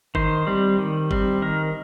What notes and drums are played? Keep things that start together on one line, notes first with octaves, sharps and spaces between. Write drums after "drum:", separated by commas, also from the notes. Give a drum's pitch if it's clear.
D#3 C5, drum: kick G1
G3 C4
D#3
G3 C4, drum: kick G1
D#3 A#4